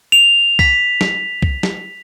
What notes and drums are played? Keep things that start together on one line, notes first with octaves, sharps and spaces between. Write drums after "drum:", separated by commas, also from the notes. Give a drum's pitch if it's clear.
F7
B6, drum: kick C2
drum: snare
drum: kick C2
drum: snare